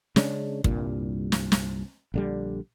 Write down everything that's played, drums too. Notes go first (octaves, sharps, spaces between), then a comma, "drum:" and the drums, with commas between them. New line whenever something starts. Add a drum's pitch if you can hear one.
C#3 G#3 C#4 D4, drum: snare
C2 G2 A#2, drum: kick
drum: snare
drum: snare
A#1 D3 G3